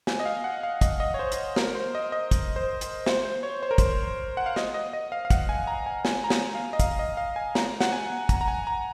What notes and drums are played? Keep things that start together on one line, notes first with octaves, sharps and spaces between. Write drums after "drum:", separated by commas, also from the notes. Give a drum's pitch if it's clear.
G#5, drum: snare
D#5
F5
F#5
F5
D#5, drum: kick, hi-hat
D#5
C#5
C5
drum: hi-hat
A#4, drum: snare
C5
D#5
D#5
drum: kick, hi-hat
C5
drum: hi-hat
C5, drum: snare
C5
C#5
C5
A#4
C5, drum: kick, hi-hat
F#5
F5
D#5, drum: snare
D#5
D#5
F5
F5
F#5, drum: kick, hi-hat
G#5
A#5
G#5
G#5, drum: snare
A#5
G#5, drum: snare
F5
D#5
F5, drum: kick, hi-hat
D#5
F5
G#5
A#5, drum: snare
F#5, drum: snare
G#5
A#5, drum: kick, hi-hat
A#5
G#5
A#5